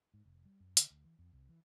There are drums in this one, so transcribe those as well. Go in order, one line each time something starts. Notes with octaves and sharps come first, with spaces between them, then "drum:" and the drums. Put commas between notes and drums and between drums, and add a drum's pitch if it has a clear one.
G#2
F1
G3
F#2
D3, drum: hi-hat
D2
E3
F2
C2
E3